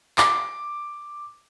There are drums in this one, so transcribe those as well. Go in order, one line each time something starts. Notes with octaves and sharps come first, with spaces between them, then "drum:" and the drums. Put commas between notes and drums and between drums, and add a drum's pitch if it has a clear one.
D6, drum: clap